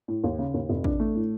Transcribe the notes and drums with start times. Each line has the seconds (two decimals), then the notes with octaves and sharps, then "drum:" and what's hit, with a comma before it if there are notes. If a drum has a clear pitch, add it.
0.08 A2
0.24 D#2
0.39 C#3
0.54 D#2
0.69 F1
0.84 D4, drum: kick A1
1.00 A3
1.15 A2